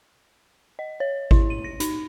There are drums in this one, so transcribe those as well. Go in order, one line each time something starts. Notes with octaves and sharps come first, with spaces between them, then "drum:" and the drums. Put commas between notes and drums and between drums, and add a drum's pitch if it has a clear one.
D#5
C#5
E4, drum: kick G#1
D#7
A#6
D#4, drum: hi-hat